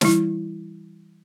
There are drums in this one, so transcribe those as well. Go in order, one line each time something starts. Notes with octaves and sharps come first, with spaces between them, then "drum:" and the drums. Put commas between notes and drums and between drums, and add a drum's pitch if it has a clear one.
E3 G3 E4, drum: snare